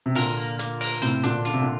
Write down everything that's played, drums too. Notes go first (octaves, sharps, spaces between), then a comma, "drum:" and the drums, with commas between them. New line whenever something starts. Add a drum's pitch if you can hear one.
C3
A#2 D3 A#4, drum: open hi-hat
A#3
A#3, drum: hi-hat
A#4, drum: open hi-hat
A2 C3 C5, drum: hi-hat
A#2 D3 D4, drum: hi-hat
D3 F4, drum: hi-hat
C3
A#2 D3